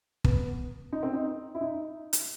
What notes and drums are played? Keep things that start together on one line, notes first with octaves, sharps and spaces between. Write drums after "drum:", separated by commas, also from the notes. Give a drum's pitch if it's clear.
B3, drum: kick
D#4
C4
D#4
E4
D#4
drum: hi-hat